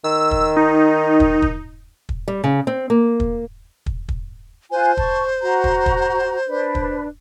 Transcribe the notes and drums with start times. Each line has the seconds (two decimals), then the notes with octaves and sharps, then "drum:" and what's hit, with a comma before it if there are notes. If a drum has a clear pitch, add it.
0.04 D#3 E6
0.31 drum: kick
0.57 D#4
1.20 drum: kick
1.42 drum: kick
2.09 drum: kick
2.28 G3
2.44 C#3
2.67 C4
2.90 A#3
3.20 drum: kick
3.86 drum: kick
4.09 drum: kick
4.71 F4 C5 G#5 F#6
4.97 A5 C#6, drum: kick
5.42 F#4 A#5
5.64 drum: kick
5.86 drum: kick
6.47 D4 B4
6.75 drum: kick